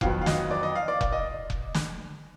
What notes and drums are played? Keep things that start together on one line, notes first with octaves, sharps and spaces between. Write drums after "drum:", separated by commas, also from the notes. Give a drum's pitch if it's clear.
F2 D#3 F#3 B3 F5, drum: kick F1
F5
D#5, drum: snare
D5
D#5
F5
D5
D5, drum: kick F1
D#5
drum: kick F1
drum: snare